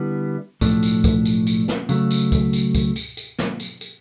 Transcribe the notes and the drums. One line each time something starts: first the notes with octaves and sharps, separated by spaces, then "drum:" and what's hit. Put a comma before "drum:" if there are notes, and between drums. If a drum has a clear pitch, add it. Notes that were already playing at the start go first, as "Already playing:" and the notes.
Already playing: D3 G3 B3 E4
B1 A2 F3 A3 D4, drum: kick C#2, tambourine
drum: tambourine
drum: kick C#2, tambourine
drum: tambourine
drum: tambourine
drum: snare
C#3 F#3 A3, drum: tambourine
drum: tambourine
drum: kick C#2, tambourine
drum: tambourine
drum: kick C#2, tambourine
drum: tambourine
drum: tambourine
drum: snare
drum: tambourine
drum: tambourine